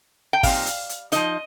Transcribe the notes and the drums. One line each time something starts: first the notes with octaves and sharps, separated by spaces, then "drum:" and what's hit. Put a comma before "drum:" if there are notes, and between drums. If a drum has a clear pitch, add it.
G5
A#2 G3 C4 D#4 F5, drum: kick, open hi-hat
drum: hi-hat
drum: hi-hat
F3 D#4 D#5, drum: hi-hat